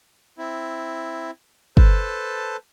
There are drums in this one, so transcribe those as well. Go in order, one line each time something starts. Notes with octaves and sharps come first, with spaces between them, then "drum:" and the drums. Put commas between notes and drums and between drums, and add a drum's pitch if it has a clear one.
C4 E4
A4 B4 C5 A5, drum: kick